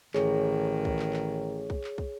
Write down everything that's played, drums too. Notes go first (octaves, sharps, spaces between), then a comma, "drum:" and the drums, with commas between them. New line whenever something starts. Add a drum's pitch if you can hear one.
A1 D#3 G#4 C#5, drum: clap
drum: kick
drum: clap
drum: clap
drum: kick
drum: clap
drum: kick